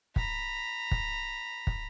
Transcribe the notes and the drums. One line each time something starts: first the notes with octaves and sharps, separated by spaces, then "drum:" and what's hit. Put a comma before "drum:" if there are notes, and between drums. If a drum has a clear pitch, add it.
A#5 B5, drum: kick
drum: kick
drum: kick